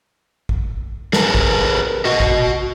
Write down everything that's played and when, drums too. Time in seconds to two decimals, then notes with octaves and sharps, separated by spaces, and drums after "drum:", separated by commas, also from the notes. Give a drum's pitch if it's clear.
0.49 drum: kick A1
1.13 G#4 A#4 B4 A5, drum: snare
1.35 drum: kick A1
2.05 F#4 D#5
2.20 drum: kick A1